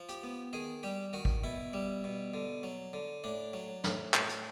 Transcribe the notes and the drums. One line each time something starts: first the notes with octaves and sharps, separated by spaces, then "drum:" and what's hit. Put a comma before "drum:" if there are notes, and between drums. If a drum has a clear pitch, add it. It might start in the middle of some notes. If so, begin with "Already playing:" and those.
Already playing: F3
G4, drum: hi-hat
B3
D#3 G#4
G3 G4
D#3 F#4
drum: kick
B2 E4
G3
B2
D3
F#3
D3
A2 D4
F#3
A2, drum: snare
A2, drum: clap
drum: hi-hat